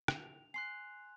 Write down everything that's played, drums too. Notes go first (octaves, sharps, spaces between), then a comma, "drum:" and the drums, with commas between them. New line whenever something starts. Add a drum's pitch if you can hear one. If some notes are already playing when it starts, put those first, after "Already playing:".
F7, drum: rim click
G#5 C6 F#6 C7